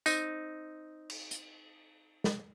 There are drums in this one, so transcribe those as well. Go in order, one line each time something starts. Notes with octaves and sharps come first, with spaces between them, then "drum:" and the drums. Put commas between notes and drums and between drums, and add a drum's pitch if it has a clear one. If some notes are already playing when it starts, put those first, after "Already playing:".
C4 D#4, drum: tambourine
drum: cymbal
drum: hi-hat
drum: snare